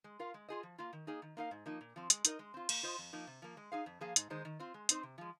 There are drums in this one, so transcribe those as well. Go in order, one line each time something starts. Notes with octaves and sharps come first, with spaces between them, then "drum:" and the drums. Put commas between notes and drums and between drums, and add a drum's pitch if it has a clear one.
G#3
F4 A#4 F5
G#3
F4 G#4 D#5
F3
A#3 F4
D#3
A#3 D#4 G#4 D#5
D#3
A#3 D#4 A#4 F5
G#2
F3 A#3 D#4
A#2
F3 C4
G#3, drum: hi-hat
D#4 A#4 D#5, drum: hi-hat
G#3
C4 F4
A#3, drum: cymbal
F4 C5 D#5
F2
F3 A#3 D#4
C3
F3 A#3
G#3
D#4 G#4 F5
F2
F3 A#3 G#4 F5
G#2, drum: hi-hat
D#3 G#3 D#4 C5
D#3
C4 F4
G#3
C4 D#4 C5, drum: hi-hat
C3
F3 G#3